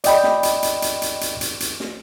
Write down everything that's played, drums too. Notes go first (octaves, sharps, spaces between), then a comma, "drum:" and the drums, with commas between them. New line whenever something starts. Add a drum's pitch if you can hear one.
D5 D#5 G5 B5, drum: hi-hat
drum: snare
drum: hi-hat
drum: hi-hat
drum: hi-hat
drum: hi-hat
drum: hi-hat
drum: hi-hat
drum: hi-hat
drum: snare